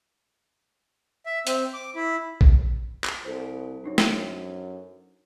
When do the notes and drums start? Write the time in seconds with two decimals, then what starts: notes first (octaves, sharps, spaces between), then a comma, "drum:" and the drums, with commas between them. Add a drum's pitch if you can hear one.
1.26 E5
1.47 C4, drum: hi-hat
1.74 D6
1.95 E4
2.41 drum: kick A#1
3.04 drum: clap
3.25 C2 A4 C5
3.84 F#2 D4 D#4 C#5
3.98 drum: snare